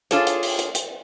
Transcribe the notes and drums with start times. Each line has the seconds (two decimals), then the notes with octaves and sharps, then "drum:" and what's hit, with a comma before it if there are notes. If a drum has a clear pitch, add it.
0.11 D4 F4 G#4 A4 C#5, drum: hi-hat
0.27 drum: hi-hat
0.43 drum: open hi-hat
0.59 drum: hi-hat
0.75 drum: hi-hat